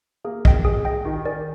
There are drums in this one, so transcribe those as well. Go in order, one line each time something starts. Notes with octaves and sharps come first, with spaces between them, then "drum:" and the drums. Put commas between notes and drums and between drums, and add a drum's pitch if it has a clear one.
A#3 G#4
D#5 G5, drum: kick
G#4
D#5 G5
D#3 G4
A#4 D5 G#5